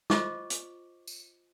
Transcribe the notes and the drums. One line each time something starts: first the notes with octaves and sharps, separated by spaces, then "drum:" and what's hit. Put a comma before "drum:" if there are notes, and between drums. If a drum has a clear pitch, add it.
F4 C5 D#5 C#6 D6, drum: snare
drum: hi-hat
drum: tambourine